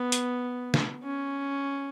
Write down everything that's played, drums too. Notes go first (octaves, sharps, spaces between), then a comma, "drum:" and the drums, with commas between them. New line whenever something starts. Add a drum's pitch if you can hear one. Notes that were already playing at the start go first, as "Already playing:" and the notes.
Already playing: B3
drum: hi-hat
drum: snare
C#4